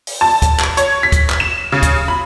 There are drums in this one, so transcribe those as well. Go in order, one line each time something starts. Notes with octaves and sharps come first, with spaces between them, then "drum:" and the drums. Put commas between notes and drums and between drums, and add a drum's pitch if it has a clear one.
drum: open hi-hat
A5
drum: kick, hi-hat
drum: clap
C#5, drum: hi-hat
B6
drum: kick, hi-hat
drum: clap
E7
C#3
drum: kick, hi-hat
B5